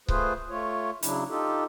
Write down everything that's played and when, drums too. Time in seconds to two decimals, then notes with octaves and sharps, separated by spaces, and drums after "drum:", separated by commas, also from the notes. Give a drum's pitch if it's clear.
0.08 A3 F4 G#4 B4 C5, drum: kick C#1
0.50 A3 F4 C#5
1.03 C#3 F#3 D4 E4, drum: hi-hat
1.30 D#4 F4 G4 A4